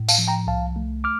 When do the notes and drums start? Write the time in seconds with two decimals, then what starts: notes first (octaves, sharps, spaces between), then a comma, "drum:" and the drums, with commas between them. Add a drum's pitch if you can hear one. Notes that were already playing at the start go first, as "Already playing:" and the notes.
Already playing: A2
0.09 F5 A5, drum: tambourine
0.18 F3
0.28 G5 A#5
0.47 C2 F5 A5
0.76 A3
1.04 D6 F6